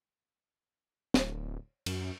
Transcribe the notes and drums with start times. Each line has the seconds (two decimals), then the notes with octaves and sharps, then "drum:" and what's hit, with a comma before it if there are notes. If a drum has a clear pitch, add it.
1.14 D1, drum: snare
1.86 F#2, drum: cymbal